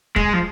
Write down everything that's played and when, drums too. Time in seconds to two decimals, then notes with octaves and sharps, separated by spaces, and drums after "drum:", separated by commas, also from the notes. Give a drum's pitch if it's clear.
0.16 G#3, drum: kick
0.33 F3